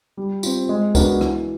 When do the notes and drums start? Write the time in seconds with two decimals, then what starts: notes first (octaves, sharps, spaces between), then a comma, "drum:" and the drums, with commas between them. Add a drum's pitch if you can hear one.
0.17 G3
0.43 C4 F4, drum: tambourine
0.69 G#3
0.95 B3 D4 F#4 A#4, drum: kick C#2, tambourine
1.21 E3, drum: rim click